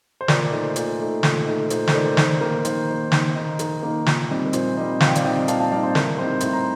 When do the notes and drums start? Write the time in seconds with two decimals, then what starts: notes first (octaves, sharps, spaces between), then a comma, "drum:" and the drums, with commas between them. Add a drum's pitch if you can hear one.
0.21 C5
0.28 A#2 A#4 D5, drum: snare
0.51 A3 D#4 C5
0.76 A#2, drum: hi-hat
0.99 A3 D#4
1.23 A#2, drum: snare
1.46 A3 D#4
1.70 A#2 C5, drum: hi-hat
1.87 C5, drum: snare
1.94 A3 D#4 A#4 D5
2.17 D#3 C5, drum: snare
2.41 A#3 D#4 A#4
2.65 D#3 C5, drum: hi-hat
2.88 A#3 D#4
3.12 D#3, drum: snare
3.35 A#3 D#4
3.59 D#3 A#4, drum: hi-hat
3.83 A#3 D#4
4.06 A#2, drum: snare
4.30 G3 C4 D#4
4.46 A#4
4.53 A#2 C5, drum: hi-hat
4.77 G3 C4 D#4 C5 D#5
5.00 A#2 F5, drum: snare
5.08 G5
5.15 D5 F5, drum: hi-hat
5.24 G3 C4 D#4 D#5 G5
5.48 A#2 F5 A5, drum: hi-hat
5.60 F5 A5
5.71 G3 C4 D#4 D5 F5
5.83 C5
5.95 A2 A#4, drum: snare
6.18 G3 C4 D#4 C5
6.40 A2 C6, drum: hi-hat
6.53 A#5